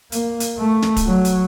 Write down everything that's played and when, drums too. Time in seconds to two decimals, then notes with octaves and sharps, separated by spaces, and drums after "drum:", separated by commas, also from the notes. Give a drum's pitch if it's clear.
0.12 A#3, drum: hi-hat
0.40 drum: hi-hat
0.58 A3
0.82 drum: snare
0.96 drum: kick, hi-hat
1.06 F#3
1.25 drum: hi-hat